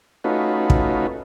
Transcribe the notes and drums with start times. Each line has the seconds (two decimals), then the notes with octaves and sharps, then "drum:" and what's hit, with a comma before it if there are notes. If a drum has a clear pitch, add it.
0.24 A3 C#4 D#4 F4 F#4 B4
0.70 drum: kick